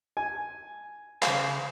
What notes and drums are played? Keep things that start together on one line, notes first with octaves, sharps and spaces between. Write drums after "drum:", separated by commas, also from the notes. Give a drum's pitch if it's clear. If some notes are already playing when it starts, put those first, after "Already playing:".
G#5
C#3 F5, drum: clap